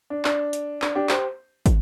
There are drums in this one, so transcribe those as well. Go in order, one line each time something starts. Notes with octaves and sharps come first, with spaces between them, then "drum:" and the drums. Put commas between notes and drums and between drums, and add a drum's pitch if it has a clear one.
D4
D4, drum: clap
drum: hi-hat
D4, drum: clap
D4 G4
G4 C5, drum: clap
drum: kick, hi-hat